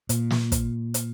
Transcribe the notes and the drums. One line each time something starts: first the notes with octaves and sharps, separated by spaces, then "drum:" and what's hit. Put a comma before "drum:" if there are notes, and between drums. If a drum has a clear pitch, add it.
A#2, drum: hi-hat
drum: snare
drum: kick, hi-hat
drum: hi-hat